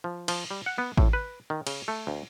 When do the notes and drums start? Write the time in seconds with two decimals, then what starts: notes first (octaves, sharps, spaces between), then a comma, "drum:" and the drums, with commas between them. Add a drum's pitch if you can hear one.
0.04 F3
0.28 F3, drum: cymbal
0.51 G3
0.66 F#5
0.78 B3
0.97 A2, drum: kick A1
1.13 B4
1.50 D#3
1.67 C#3, drum: cymbal
1.88 A3
2.07 D2